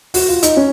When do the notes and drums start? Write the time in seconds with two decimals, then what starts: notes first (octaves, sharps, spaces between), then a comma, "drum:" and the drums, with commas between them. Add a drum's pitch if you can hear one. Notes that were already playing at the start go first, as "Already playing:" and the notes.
0.14 F#4, drum: open hi-hat
0.29 F4
0.43 D#4, drum: hi-hat
0.57 C#4